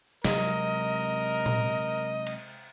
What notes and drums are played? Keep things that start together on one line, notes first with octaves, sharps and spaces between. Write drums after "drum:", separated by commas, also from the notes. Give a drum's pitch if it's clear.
C3 F#3 G#3 A#4 D#5, drum: snare
drum: tom A#2
drum: cymbal